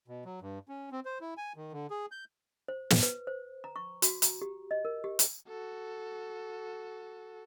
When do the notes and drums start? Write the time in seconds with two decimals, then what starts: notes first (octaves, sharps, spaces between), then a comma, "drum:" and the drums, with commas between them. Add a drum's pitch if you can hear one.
0.08 B2
0.25 F#3
0.42 G2
0.69 C#4
0.91 C4
1.05 C5
1.21 E4
1.37 G#5
1.56 D#3
1.72 D3
1.90 G#4
2.12 G6
2.68 C5
2.90 drum: snare
3.03 B4
3.27 C5
3.64 A#5
3.76 C#6
4.02 F#4, drum: hi-hat
4.22 A#5, drum: hi-hat
4.42 G4
4.71 D#5
4.85 A#4
5.04 G4
5.19 drum: hi-hat
5.48 F#4 A4